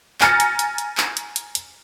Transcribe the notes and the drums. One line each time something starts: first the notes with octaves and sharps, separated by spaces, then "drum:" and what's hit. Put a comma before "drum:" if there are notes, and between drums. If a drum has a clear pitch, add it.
G#5 A#5 F6 A6 A#6 C#7, drum: clap
drum: hi-hat
drum: hi-hat
drum: hi-hat
drum: clap
drum: hi-hat
drum: hi-hat
drum: hi-hat